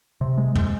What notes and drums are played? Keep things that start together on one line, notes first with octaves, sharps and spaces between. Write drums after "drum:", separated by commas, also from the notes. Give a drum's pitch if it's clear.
C3
G#3
G#3, drum: tom